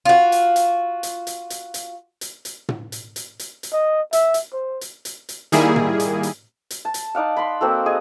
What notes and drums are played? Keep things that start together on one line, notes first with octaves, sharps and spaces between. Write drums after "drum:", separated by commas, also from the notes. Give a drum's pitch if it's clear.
F4 F#4
drum: hi-hat
drum: hi-hat
drum: hi-hat
drum: hi-hat
drum: hi-hat
drum: hi-hat
drum: hi-hat
drum: hi-hat
drum: tom
drum: hi-hat
drum: hi-hat
drum: hi-hat
drum: hi-hat
D#5
E5, drum: hi-hat
drum: hi-hat
C5
drum: hi-hat
drum: hi-hat
drum: hi-hat
D#3 G3 A#3 E4 G#4, drum: hi-hat
drum: tom
drum: hi-hat
drum: hi-hat
drum: hi-hat
A5
drum: hi-hat
D#4 D5 F5 F#5
B5 C6
A#3 C4 F#4 A4
G#4 D#5